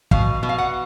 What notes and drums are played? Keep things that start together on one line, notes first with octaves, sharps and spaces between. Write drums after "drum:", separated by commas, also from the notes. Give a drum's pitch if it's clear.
B2 F5, drum: kick
B2
F5
F#5